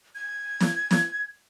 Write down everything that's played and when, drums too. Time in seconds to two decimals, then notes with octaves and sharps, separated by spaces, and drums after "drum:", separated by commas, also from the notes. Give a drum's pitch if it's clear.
0.15 G#6
0.60 drum: snare
0.91 drum: snare